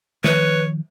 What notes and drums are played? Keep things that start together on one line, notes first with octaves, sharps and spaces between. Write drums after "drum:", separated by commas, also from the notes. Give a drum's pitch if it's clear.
D#3 F3 B4 C#5, drum: snare